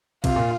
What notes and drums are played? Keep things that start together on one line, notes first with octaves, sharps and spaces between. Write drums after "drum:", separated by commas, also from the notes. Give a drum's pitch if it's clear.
C3 F4, drum: kick, cymbal
A#2